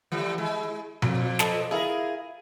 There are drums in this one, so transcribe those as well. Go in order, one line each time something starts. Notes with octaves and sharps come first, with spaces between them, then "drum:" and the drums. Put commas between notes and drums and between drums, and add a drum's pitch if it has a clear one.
E3 G3 A3
G#3 E4
F2 A#2 F3, drum: tom B2
A4 B4 D#5, drum: snare
E4 F4 G#4 A#4